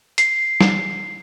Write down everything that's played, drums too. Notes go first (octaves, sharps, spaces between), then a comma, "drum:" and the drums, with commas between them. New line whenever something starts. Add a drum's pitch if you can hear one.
C7, drum: hi-hat
drum: snare